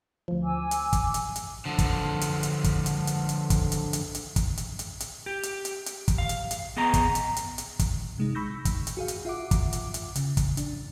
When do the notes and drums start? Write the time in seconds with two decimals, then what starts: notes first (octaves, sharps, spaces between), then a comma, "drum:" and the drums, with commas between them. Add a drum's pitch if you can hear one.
0.28 D2 F3
0.43 G#5 D6 E6
0.71 drum: hi-hat
0.93 drum: kick, hi-hat
1.14 drum: hi-hat
1.36 drum: hi-hat
1.66 D3 F3
1.78 drum: kick, hi-hat
2.21 drum: hi-hat
2.43 drum: hi-hat
2.64 drum: kick, hi-hat
2.86 drum: hi-hat
3.07 drum: hi-hat
3.29 drum: hi-hat
3.50 drum: kick, hi-hat
3.72 drum: hi-hat
3.93 drum: hi-hat
4.15 drum: hi-hat
4.36 drum: kick, hi-hat
4.57 drum: hi-hat
4.79 drum: hi-hat
5.00 drum: hi-hat
5.26 G4
5.43 drum: hi-hat
5.65 drum: hi-hat
5.86 drum: hi-hat
6.08 drum: kick, hi-hat
6.18 F5
6.29 drum: hi-hat
6.51 drum: hi-hat
6.77 B3 G#4 D#5 A#5
6.94 drum: kick, hi-hat
7.15 drum: hi-hat
7.37 drum: hi-hat
7.58 drum: hi-hat
7.79 drum: kick, hi-hat
8.18 C3 G#3 D#4
8.35 B5 C#6 E6 G6 A#6
8.65 drum: kick, hi-hat
8.87 drum: hi-hat
8.97 F#4 G#4 F5
9.08 drum: hi-hat
9.25 F4 E5 F#5 D6
9.51 drum: kick, hi-hat
9.73 drum: hi-hat
9.94 drum: hi-hat
10.16 C#3, drum: hi-hat
10.37 drum: kick, hi-hat
10.57 D4, drum: hi-hat